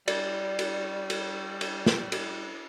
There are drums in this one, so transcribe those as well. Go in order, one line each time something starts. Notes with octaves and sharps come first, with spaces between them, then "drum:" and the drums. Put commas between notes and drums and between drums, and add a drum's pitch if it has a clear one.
G3 D5, drum: cymbal
drum: cymbal
drum: cymbal
drum: cymbal
drum: snare
drum: cymbal